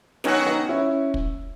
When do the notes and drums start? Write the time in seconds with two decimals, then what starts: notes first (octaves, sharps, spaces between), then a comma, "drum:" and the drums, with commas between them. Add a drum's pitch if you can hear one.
0.24 D#3 F#3 B3 C#4 D#4 F#4, drum: snare
0.46 B3 D#4
0.69 C#4 E4
1.14 drum: kick